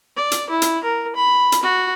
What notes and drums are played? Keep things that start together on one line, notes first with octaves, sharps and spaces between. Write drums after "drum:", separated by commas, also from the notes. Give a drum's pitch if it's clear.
D5
drum: hi-hat
E4
drum: hi-hat
A#4
B5
drum: hi-hat
F#4